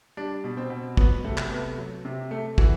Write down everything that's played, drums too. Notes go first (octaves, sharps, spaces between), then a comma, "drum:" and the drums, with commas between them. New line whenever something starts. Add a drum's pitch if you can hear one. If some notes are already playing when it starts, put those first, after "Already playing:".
G3 D4
B2
C4
B2
F#3 B3, drum: kick
C3 A3
drum: clap
A3 B3
F#3
C3
A3
E3 F#4, drum: kick